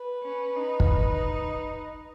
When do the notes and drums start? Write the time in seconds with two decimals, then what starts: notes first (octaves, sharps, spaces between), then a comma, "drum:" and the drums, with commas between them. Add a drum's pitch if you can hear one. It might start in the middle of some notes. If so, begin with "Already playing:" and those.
Already playing: B4
0.23 C#4
0.56 D#4
0.80 drum: kick